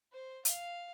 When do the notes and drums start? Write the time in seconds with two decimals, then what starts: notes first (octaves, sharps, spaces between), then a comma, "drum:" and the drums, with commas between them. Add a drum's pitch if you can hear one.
0.12 C5
0.45 F5, drum: hi-hat